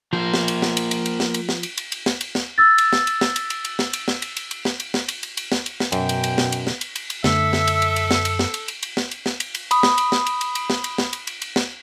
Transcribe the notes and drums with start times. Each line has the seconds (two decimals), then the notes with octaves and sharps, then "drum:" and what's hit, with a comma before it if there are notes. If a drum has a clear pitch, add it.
0.13 F3 A#3 C5
0.34 drum: snare
0.48 drum: cymbal
0.62 drum: snare
0.77 drum: cymbal
0.91 drum: cymbal
1.06 drum: cymbal
1.20 drum: snare
1.34 drum: cymbal
1.49 drum: snare
1.63 drum: cymbal
1.77 drum: cymbal
1.92 drum: cymbal
2.06 drum: snare
2.21 drum: cymbal
2.35 drum: snare
2.58 E6 A6
2.78 drum: cymbal
2.93 drum: snare
3.07 drum: cymbal
3.21 drum: snare
3.36 drum: cymbal
3.50 drum: cymbal
3.65 drum: cymbal
3.79 drum: snare
3.93 drum: cymbal
4.08 drum: snare
4.22 drum: cymbal
4.37 drum: cymbal
4.51 drum: cymbal
4.65 drum: snare
4.80 drum: cymbal
4.94 drum: snare
5.08 drum: cymbal
5.23 drum: cymbal
5.37 drum: cymbal
5.52 drum: snare
5.66 drum: cymbal
5.80 drum: snare
5.92 F#2 B2 G5, drum: cymbal
6.09 drum: cymbal
6.24 drum: cymbal
6.38 drum: snare
6.52 drum: cymbal
6.67 drum: snare
6.81 drum: cymbal
6.96 drum: cymbal
7.10 drum: cymbal
7.24 F#2 D3 A3 A4 E5, drum: snare
7.53 drum: snare
7.67 drum: cymbal
7.82 drum: cymbal
7.96 drum: cymbal
8.11 drum: snare
8.25 drum: cymbal
8.39 drum: snare
8.54 drum: cymbal
8.68 drum: cymbal
8.83 drum: cymbal
8.97 drum: snare
9.11 drum: cymbal
9.26 drum: snare
9.40 drum: cymbal
9.55 drum: cymbal
9.71 B5 D#6, drum: cymbal
9.83 drum: snare
9.98 drum: cymbal
10.12 drum: snare
10.26 drum: cymbal
10.41 drum: cymbal
10.55 drum: cymbal
10.70 drum: snare
10.84 drum: cymbal
10.98 drum: snare
11.13 drum: cymbal
11.27 drum: cymbal
11.42 drum: cymbal
11.56 drum: snare